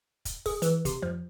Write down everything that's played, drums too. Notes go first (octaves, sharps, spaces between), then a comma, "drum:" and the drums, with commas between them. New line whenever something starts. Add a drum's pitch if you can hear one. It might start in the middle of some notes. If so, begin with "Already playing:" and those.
drum: kick, hi-hat
G#4, drum: kick, open hi-hat
E3, drum: hi-hat
C3, drum: kick, hi-hat
F3, drum: tom F2